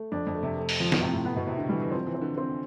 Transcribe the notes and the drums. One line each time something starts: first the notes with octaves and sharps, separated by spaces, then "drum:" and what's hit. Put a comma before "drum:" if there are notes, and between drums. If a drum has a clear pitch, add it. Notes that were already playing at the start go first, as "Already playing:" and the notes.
Already playing: A3
F2 D4
F2
A3
C3
A3
drum: open hi-hat
F3
B2, drum: snare
A2 C3
A2
A2 B3
B2
C3 E4
D3
E3 G3
E3
F3 C4
E3
C4
D3
C4